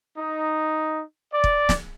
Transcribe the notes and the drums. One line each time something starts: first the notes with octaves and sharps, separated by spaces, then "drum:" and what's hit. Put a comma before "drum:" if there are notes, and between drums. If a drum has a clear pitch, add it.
D#4
D5
drum: kick
drum: snare